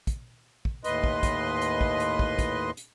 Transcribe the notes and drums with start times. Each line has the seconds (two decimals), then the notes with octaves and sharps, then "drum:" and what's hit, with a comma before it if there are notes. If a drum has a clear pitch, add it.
0.07 drum: kick, hi-hat
0.65 drum: kick
0.84 D#2 A2 B4 D#5 C6, drum: hi-hat
1.04 drum: kick
1.23 drum: kick, hi-hat
1.61 drum: hi-hat
1.81 drum: kick
2.00 drum: hi-hat
2.19 drum: kick
2.39 drum: kick, hi-hat
2.77 drum: hi-hat